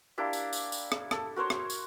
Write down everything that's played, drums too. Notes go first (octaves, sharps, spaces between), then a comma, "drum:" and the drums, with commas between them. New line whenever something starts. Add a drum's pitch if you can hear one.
A#3 D4 E4 G4
drum: tambourine
drum: tambourine
drum: tambourine
drum: rim click
A4, drum: rim click
F#4 A#4 C5 C#5
drum: rim click
drum: tambourine